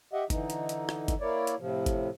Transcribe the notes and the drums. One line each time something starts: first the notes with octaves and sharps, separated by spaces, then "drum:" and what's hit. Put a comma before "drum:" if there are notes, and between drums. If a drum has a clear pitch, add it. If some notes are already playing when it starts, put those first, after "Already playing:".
G4 D#5 E5 F#5
D3 E3 D#4, drum: kick G1, hi-hat
drum: hi-hat
drum: hi-hat
drum: rim click
drum: kick G1, hi-hat
A#3 E4 C#5 D5
drum: hi-hat
A2 C3 F3
drum: kick G1, hi-hat